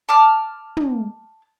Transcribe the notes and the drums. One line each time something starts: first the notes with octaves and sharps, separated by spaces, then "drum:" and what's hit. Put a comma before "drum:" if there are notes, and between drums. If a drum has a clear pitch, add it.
A5 D6 F6
drum: tom